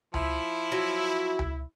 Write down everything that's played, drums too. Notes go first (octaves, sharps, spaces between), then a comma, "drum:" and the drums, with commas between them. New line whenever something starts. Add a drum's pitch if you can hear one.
F3 E4, drum: tom C#2
F#3
drum: tom C#2